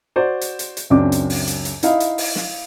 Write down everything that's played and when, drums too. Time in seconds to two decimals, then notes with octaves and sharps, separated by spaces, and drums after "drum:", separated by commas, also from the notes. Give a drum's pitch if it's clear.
0.16 F#4 C5 D5
0.41 drum: hi-hat
0.59 drum: hi-hat
0.77 drum: hi-hat
0.90 C#2 F#2 C4 D4 D6
1.12 drum: hi-hat
1.30 drum: open hi-hat
1.47 drum: hi-hat
1.65 drum: hi-hat
1.83 D#4 E4 F5, drum: hi-hat
2.00 drum: hi-hat
2.18 drum: open hi-hat
2.36 drum: snare